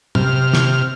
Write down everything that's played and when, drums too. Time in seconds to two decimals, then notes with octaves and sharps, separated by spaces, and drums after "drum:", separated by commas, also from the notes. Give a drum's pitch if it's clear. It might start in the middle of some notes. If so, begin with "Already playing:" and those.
0.15 C3 F6, drum: tom
0.53 drum: snare